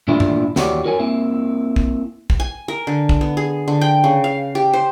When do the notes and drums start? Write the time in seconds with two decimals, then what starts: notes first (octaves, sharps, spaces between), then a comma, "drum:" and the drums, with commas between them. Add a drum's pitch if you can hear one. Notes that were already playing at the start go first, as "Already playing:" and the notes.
0.08 A#2 E3 A3 D4 E4 F4
0.20 drum: tom G2
0.56 D#2 E3 F#4 G4 C#5 D5, drum: snare
0.84 F#4 A#4 C#5 G#5
0.99 A#3 C4 E4
1.76 drum: kick
2.30 drum: kick
2.40 G#5
2.68 A#4
2.87 D3
3.09 drum: kick
3.21 B3
3.37 G#4
3.68 D3
3.81 G5
4.04 C#3
4.24 F5
4.55 G4
4.73 C5